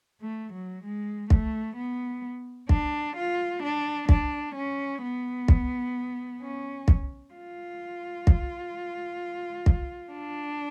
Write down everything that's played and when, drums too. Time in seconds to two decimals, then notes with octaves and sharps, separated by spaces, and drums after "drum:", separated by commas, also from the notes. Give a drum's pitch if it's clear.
0.22 A3
0.53 F#3
0.84 G#3
1.30 A3, drum: kick
1.77 B3
2.69 D4, drum: kick
3.17 F4
3.63 D4
4.09 D4, drum: kick
4.55 C#4
5.02 B3
5.48 drum: kick
6.42 C#4
6.88 drum: kick
7.34 F4
8.27 drum: kick
9.66 drum: kick
10.12 D4